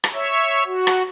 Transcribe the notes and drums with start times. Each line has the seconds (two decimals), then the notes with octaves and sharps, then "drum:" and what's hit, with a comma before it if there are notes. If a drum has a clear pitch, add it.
0.04 drum: rim click
0.13 C#5 E5
0.66 F#4
0.87 drum: rim click